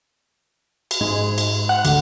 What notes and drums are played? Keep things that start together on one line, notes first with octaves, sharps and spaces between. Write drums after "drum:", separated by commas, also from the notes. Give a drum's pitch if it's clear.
drum: cymbal
G#2
drum: cymbal
F#5
D2, drum: cymbal